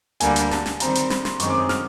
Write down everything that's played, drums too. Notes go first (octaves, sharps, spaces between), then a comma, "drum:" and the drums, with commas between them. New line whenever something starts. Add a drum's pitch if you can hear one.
D2 D3 G3 A#3 G#5, drum: hi-hat
drum: hi-hat
A5, drum: snare
drum: snare
D#3 G3 C4 A#5, drum: hi-hat
drum: hi-hat
B5, drum: snare
C6, drum: snare
F#2 D#3 G#3 C4 C#6, drum: hi-hat
D6
D#6
F6, drum: snare